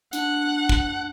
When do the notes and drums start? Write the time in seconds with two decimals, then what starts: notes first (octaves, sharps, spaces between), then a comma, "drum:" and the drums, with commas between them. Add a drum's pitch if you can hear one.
0.13 D4 F#5, drum: hi-hat
0.69 drum: kick